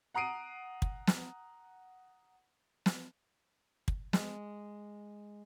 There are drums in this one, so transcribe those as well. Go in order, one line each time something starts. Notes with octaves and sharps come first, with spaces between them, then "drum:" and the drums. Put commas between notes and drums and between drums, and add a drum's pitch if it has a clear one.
F#5 A#5 D#6 C7 D7 D#7
drum: kick
drum: snare
drum: snare
drum: kick
G#3, drum: snare